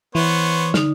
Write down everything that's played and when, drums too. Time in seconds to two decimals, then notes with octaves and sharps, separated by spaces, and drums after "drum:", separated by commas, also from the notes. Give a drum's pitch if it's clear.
0.15 E3 B3 C5 C#5
0.74 D3 D#4, drum: snare